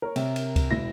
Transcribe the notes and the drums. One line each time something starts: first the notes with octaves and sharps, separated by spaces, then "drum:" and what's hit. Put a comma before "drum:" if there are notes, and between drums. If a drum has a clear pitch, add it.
A#4 C#5
C3, drum: cymbal
drum: cymbal
drum: kick C#2, cymbal
E1 E4 A#6